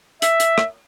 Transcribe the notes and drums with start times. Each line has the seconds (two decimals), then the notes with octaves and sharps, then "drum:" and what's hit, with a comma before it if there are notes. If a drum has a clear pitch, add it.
0.22 E5, drum: hi-hat
0.40 drum: hi-hat
0.58 drum: rim click